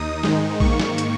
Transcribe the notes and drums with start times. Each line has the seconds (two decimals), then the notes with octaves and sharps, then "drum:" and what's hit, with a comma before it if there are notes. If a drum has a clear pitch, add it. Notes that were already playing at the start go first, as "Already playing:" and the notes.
Already playing: D#2 D#4 D#6
0.23 G#2 D#3 G#3 D#4, drum: snare
0.60 G#2 D#3 A#3 C#6, drum: kick A#1
0.80 drum: snare
0.98 drum: hi-hat